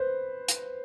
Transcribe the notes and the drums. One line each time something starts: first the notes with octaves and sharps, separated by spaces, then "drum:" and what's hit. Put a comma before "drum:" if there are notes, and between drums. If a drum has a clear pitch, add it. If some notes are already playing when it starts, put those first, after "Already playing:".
Already playing: B4 C5
drum: hi-hat